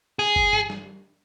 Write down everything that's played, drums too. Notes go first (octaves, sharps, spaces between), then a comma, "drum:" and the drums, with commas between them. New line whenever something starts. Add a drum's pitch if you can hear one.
G#4
drum: kick
drum: tom G2
drum: snare